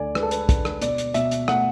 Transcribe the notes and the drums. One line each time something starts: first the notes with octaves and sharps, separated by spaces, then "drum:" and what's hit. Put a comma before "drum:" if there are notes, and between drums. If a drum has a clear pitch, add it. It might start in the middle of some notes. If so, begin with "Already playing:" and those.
Already playing: D2 D3 D5 G#5
G#3 B4, drum: rim click
A4
B4, drum: hi-hat
D3, drum: kick, hi-hat
drum: rim click
B2 D5, drum: hi-hat
drum: hi-hat
B2 E5, drum: hi-hat
drum: hi-hat
A3 F#5, drum: rim click